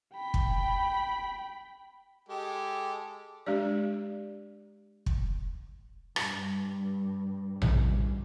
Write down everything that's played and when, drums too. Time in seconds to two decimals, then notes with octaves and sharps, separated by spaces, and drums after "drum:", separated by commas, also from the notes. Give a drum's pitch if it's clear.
0.14 G5 B5
0.34 drum: kick
2.29 G#3 G4 A4
3.46 G#3 D4 G4 D5
5.06 drum: kick
6.16 G2, drum: rim click
7.62 G1, drum: tom A#1